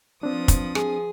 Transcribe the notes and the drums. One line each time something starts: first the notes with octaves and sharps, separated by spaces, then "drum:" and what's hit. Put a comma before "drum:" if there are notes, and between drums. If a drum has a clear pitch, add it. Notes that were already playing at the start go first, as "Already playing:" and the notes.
F3 C4 D4 B4 D#6
drum: kick, hi-hat
G#4, drum: rim click